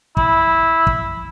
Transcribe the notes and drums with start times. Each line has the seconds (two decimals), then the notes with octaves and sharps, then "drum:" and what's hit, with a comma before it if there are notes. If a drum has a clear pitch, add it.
0.17 E4, drum: kick
0.87 drum: kick